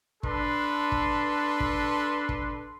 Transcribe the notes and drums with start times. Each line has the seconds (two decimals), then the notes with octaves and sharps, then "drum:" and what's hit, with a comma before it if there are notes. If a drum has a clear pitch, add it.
0.23 D4 A4 B4 C6, drum: kick
0.92 drum: kick
1.60 drum: kick
2.29 drum: kick